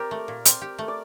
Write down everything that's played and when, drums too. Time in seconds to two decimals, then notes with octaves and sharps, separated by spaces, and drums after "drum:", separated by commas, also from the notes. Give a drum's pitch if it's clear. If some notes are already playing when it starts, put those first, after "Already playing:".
Already playing: C4 G4 A#4 D5
0.11 A3
0.28 A#2
0.45 C4, drum: hi-hat
0.61 G4
0.79 A3
0.88 D5